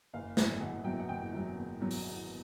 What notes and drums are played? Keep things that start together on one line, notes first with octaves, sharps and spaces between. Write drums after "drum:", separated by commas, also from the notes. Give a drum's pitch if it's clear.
F#1 F5
E2 B2 F#3 E5, drum: snare
F#1 F#5
E2 B2 F#3 G5
F#5
F#1 G5
E2 B2 F#3
F#1
E2 B2 F#3
drum: open hi-hat